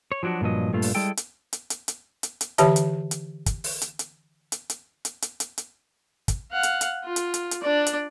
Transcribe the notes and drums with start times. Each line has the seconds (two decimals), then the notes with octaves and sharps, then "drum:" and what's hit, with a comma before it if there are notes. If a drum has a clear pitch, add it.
0.12 C#5
0.23 F3 F#3 D4 F4 F#4
0.41 G2 A#2 F3 F#3 D#5
0.73 G2 A#2 A3 F4
0.82 drum: open hi-hat
0.95 G3 G#3 E4 A4 G5
1.17 drum: hi-hat
1.53 drum: hi-hat
1.70 drum: hi-hat
1.88 drum: hi-hat
2.23 drum: hi-hat
2.41 drum: hi-hat
2.58 D3 E3 G4 C#5 E5 A5, drum: hi-hat
2.76 drum: hi-hat
3.11 drum: hi-hat
3.46 drum: kick, hi-hat
3.64 drum: open hi-hat
3.82 drum: hi-hat
3.99 drum: hi-hat
4.52 drum: hi-hat
4.70 drum: hi-hat
5.05 drum: hi-hat
5.22 drum: hi-hat
5.40 drum: hi-hat
5.58 drum: hi-hat
6.28 drum: kick, hi-hat
6.52 F5 F#5
6.63 drum: hi-hat
6.81 drum: hi-hat
7.04 F4
7.16 drum: hi-hat
7.34 drum: hi-hat
7.51 drum: hi-hat
7.62 D4 D5
7.87 drum: hi-hat